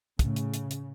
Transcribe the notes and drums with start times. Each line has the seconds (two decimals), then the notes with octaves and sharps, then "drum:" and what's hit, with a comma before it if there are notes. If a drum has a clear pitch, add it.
0.19 A2 C#3, drum: kick, hi-hat
0.36 drum: hi-hat
0.54 drum: hi-hat
0.71 drum: hi-hat